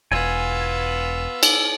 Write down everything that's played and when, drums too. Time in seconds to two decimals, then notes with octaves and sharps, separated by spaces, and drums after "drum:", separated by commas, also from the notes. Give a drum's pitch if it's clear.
0.12 E1 B3 F4 G#5 E6
1.43 drum: cymbal